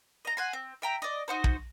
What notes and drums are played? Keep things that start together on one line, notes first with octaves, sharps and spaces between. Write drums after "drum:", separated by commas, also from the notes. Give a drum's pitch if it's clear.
D#5 A#5
F#5 G#5 C6
C4
E5 G5 A#5
D5 D#5
D#4 F#4 C5
drum: kick